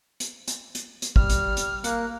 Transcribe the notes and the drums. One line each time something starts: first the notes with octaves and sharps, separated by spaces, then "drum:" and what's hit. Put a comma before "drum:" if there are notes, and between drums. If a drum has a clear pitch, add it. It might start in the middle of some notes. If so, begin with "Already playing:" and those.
drum: hi-hat
drum: hi-hat
drum: hi-hat
drum: hi-hat
G3 F6, drum: kick
drum: hi-hat
drum: hi-hat
A#3 F#6, drum: hi-hat